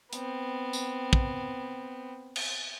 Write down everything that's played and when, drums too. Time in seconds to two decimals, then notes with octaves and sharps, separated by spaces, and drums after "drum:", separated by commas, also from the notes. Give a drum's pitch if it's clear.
0.13 B3 C4, drum: hi-hat
0.73 drum: tambourine
1.13 drum: kick
2.36 drum: cymbal